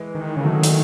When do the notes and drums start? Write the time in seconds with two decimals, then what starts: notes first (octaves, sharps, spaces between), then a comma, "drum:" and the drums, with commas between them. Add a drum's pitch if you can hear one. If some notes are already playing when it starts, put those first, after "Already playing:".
Already playing: E3 G#3
0.15 D#3
0.37 C#3
0.44 D#3 F#3 A3
0.63 drum: hi-hat